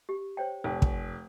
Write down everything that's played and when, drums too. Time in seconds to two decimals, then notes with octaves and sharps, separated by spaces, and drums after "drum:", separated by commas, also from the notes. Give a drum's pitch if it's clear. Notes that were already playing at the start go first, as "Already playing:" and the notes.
0.09 G4
0.37 C5 C#5 G5
0.64 F1 G5
0.82 drum: kick